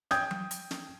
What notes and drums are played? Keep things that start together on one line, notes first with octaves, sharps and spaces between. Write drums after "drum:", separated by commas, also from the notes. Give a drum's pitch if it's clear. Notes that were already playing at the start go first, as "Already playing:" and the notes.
G5 D#6 G6 G#6, drum: snare
drum: tom F#3
drum: hi-hat
drum: snare